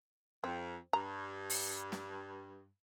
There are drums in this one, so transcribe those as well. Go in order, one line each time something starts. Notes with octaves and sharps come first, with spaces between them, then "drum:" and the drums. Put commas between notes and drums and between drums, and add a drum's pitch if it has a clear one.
F2 C4
G2 A#5
drum: open hi-hat
drum: snare